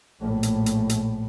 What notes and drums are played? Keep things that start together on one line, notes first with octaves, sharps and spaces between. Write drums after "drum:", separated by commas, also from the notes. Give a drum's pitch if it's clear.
A#1 A2
drum: hi-hat
drum: hi-hat
drum: hi-hat